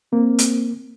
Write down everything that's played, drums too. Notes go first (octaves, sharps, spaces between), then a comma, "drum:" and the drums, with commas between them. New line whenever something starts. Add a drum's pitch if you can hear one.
A#3 C4
drum: hi-hat